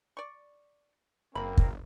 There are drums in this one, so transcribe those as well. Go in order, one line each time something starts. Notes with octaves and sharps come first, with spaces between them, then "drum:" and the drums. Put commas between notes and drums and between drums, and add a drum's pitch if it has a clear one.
D5 C#6
F#1 A#3 C4 A#4 B5
drum: kick